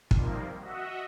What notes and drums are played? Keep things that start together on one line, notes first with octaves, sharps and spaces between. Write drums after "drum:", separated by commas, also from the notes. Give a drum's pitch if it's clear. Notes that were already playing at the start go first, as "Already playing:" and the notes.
C3 D#3 F3 G3 A#3, drum: kick
F#4 D#5 E5 F#5